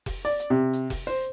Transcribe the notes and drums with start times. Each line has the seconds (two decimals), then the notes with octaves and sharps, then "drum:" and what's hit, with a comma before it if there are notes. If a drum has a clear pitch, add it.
0.06 drum: kick F1, open hi-hat
0.25 D5
0.40 drum: hi-hat
0.50 C3
0.73 drum: hi-hat
0.90 drum: kick F1, open hi-hat
1.07 C5, drum: hi-hat